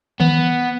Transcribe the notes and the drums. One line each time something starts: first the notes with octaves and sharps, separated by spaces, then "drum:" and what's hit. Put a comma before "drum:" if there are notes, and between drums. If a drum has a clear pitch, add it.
B3, drum: tom D#3